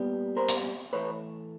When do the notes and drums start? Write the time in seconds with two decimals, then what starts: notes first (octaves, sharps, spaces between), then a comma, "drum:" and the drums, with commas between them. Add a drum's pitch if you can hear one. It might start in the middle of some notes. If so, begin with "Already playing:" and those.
Already playing: A#2 G3 B3
0.37 A#4 C5
0.49 drum: hi-hat
0.93 A2 E3 A3 B4 C#5